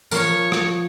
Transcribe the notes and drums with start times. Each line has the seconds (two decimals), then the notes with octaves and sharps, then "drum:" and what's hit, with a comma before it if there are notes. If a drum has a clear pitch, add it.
0.11 F3 A#4 C#5, drum: tambourine
0.52 drum: rim click